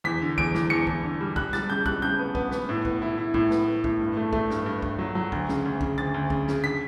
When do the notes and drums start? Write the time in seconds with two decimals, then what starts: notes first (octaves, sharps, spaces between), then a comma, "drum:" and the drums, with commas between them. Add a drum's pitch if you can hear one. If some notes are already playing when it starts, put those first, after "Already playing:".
0.04 E2 B6
0.22 D3
0.38 E2 D7, drum: kick
0.54 E2, drum: snare
0.70 E2 C#7
0.87 E2, drum: kick
1.04 D3
1.21 G3
1.36 G3 F#6, drum: kick
1.53 G3 A6, drum: snare
1.70 C#3 G6
1.86 G3 F#6, drum: kick
2.02 C#3 G6
2.19 B3
2.35 B3, drum: kick
2.51 B3, drum: snare
2.69 A2
2.85 B3, drum: kick
3.02 E4
3.17 E4
3.34 A2, drum: kick
3.51 B3, drum: snare
3.67 B3
3.84 A2, drum: kick
4.00 G2
4.17 A3
4.33 A3, drum: kick
4.50 G2, drum: snare
4.66 G2
4.82 G2, drum: kick
4.99 F#3
5.15 F#3
5.32 D2, drum: kick
5.48 C#3, drum: snare
5.65 D2
5.81 C#3, drum: kick
5.98 D2 A6
6.14 D2
6.30 C#3, drum: kick
6.48 C#3, drum: snare
6.64 D3 B6